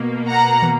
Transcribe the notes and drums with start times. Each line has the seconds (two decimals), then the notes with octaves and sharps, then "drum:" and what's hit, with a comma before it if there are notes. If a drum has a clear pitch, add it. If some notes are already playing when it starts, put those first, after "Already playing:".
Already playing: B2 A#3
0.28 F#5 A#5
0.62 drum: tom